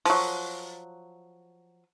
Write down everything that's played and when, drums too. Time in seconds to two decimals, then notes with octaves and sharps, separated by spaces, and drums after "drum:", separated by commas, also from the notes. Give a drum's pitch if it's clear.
0.05 F3 F#3, drum: open hi-hat